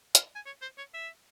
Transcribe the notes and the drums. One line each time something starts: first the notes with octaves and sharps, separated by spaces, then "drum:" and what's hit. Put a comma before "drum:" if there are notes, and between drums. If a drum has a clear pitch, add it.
F5, drum: hi-hat
G#5
C#5
C5
C#5
E5